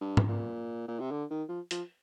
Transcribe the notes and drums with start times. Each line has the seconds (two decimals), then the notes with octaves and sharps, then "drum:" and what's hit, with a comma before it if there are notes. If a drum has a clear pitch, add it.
0.01 G2
0.17 drum: tom G#2
0.29 A#2
0.88 A#2
1.00 C3
1.12 D3
1.31 D#3
1.49 F3
1.71 F3, drum: hi-hat